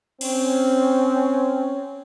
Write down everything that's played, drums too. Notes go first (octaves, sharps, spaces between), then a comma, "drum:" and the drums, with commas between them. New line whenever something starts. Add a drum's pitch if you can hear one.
C4 C#4, drum: cymbal